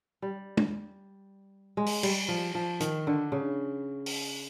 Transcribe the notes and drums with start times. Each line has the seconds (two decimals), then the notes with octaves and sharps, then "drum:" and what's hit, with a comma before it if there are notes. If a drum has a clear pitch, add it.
0.22 G3
0.57 drum: tom
1.77 G#3
1.86 drum: open hi-hat
2.03 G3, drum: cymbal
2.28 F3
2.55 F3
2.80 D#3, drum: hi-hat
3.07 D3
3.32 C#3
4.06 drum: open hi-hat